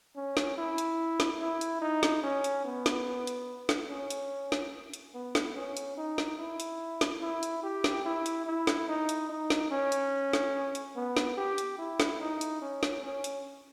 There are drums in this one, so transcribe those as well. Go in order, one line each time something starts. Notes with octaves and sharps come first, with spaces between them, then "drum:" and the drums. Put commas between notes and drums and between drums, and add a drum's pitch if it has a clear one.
C#4
drum: snare
E4
drum: hi-hat
drum: snare
E4
drum: hi-hat
D#4
drum: snare
C#4
drum: hi-hat
B3
drum: snare
drum: hi-hat
drum: snare
C#4
drum: hi-hat
drum: snare
drum: hi-hat
B3
drum: snare
C#4
drum: hi-hat
D#4
drum: snare
E4
drum: hi-hat
drum: snare
E4
drum: hi-hat
G4
drum: snare
E4
drum: hi-hat
E4
drum: snare
D#4
drum: hi-hat
D#4
drum: snare
C#4
drum: hi-hat
drum: snare
drum: hi-hat
B3
drum: snare
G4
drum: hi-hat
E4
drum: snare
D#4
drum: hi-hat
C#4
drum: snare
C#4
drum: hi-hat